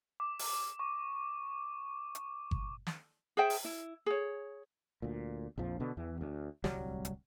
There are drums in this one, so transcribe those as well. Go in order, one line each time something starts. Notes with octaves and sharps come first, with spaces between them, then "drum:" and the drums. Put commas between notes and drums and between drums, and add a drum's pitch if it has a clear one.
D6
drum: open hi-hat
C#6
drum: hi-hat
drum: kick G1
drum: snare
G#4 C5 E5 G5
drum: open hi-hat
E4
G#4 C#5
D2 A#2
A#1 F2 F3
B2 D3 B3
E2 E3
D2
D1 C2 F#3 G3, drum: snare
drum: hi-hat